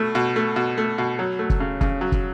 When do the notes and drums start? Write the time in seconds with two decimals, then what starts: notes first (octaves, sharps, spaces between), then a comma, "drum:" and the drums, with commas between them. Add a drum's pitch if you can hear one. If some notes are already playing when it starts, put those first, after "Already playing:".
Already playing: B2 A3
0.15 B2
0.36 A3
0.56 B2
0.78 A3
0.98 B2
1.19 F#3
1.39 A3
1.50 drum: kick
1.60 C#3
1.81 C#3, drum: kick
2.01 F#3
2.12 drum: kick